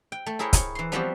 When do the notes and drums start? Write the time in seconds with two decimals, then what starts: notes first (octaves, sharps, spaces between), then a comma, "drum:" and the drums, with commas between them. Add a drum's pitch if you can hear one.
0.12 G5
0.26 A3
0.39 E4 G#4 A#4 C#5 E5 G5
0.53 C#5, drum: kick, hi-hat
0.75 E3 C6
0.92 F3 G3 B3 C4 F#4 G4